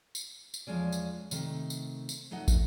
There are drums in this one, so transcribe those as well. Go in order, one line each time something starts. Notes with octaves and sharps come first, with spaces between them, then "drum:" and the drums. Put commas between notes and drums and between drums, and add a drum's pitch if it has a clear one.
drum: tambourine
drum: tambourine
E2 F3 G#3 C#4 D5
drum: tambourine
C3 D#3 A3, drum: tambourine
drum: tambourine
drum: tambourine
F#3 A3 D#4 D#5 F#5
drum: kick, tambourine